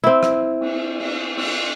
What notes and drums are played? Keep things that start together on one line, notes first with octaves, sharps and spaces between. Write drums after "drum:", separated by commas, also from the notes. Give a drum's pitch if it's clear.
C4 E4
drum: rim click
drum: cymbal
drum: cymbal
drum: cymbal